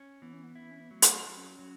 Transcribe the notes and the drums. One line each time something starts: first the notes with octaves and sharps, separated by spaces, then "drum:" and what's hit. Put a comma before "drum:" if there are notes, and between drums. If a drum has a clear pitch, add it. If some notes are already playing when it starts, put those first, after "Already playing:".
Already playing: C#4
E3 B3
C#4
B3
E4
C#4
B3
F#3 A3
drum: hi-hat
F#3
C#4
F#3